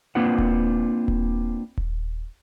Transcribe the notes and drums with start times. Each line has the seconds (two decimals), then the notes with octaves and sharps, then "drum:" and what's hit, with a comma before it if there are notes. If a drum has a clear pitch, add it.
0.15 A#3 C4 D4 F4 B4 F#5
0.38 drum: kick D#1
1.08 drum: kick D#1
1.77 drum: kick D#1